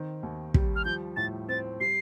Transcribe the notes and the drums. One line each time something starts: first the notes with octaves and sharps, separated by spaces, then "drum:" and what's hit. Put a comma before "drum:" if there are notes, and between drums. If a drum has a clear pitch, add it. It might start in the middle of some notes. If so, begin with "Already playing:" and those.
Already playing: D#3 C4
D#2
G3, drum: kick
F6
F3 G6
A2 A6
C4 A6
G3 C7